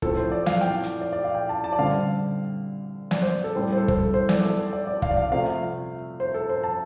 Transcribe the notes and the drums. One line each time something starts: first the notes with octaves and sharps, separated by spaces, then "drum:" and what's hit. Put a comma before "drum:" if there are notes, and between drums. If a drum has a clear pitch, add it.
A2 F3 C4 A4, drum: kick
C5
D5
F5, drum: snare
G5
drum: hi-hat
D5
D5
F5
G5
A5
A5
D5
D3 G3 C4 F5
D5, drum: snare
C5
A4
A2 G3 C4 C5
C5
A4
C5, drum: kick
A4
C5
D5, drum: snare
A4
D5
D5
F5, drum: kick
D5
F5
C3 F3 A3 C4 F5
C5
A4
C5
A5